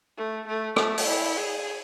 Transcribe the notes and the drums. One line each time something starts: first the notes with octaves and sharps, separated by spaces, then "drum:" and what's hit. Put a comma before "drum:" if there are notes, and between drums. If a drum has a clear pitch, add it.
A3
A3
A3, drum: rim click
drum: open hi-hat
E4
G#4